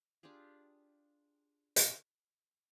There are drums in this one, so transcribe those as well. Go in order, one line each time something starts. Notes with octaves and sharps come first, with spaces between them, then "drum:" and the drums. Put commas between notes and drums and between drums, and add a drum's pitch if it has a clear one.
D4 F4 G4 G#4
drum: hi-hat